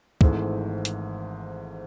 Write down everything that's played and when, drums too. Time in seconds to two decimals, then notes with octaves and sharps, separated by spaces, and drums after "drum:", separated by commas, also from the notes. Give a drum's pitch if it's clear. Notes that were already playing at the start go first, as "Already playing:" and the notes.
0.21 G#1 G#2 E3 A3, drum: kick
0.85 drum: hi-hat